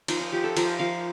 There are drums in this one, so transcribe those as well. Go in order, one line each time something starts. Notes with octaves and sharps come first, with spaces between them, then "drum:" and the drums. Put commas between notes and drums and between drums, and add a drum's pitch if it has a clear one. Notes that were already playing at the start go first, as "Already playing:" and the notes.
F3 D#4, drum: cymbal
D#4
F3 G4
A4
F3 A#4, drum: cymbal
F3 F5